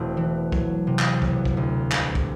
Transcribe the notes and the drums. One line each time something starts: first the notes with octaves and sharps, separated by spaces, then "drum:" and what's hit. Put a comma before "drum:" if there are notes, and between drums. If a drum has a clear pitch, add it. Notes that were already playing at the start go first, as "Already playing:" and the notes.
Already playing: E1 A3 C4
E3
F#3, drum: kick
C3
drum: clap
E1 B3, drum: kick
drum: kick
D2
C2, drum: clap
drum: kick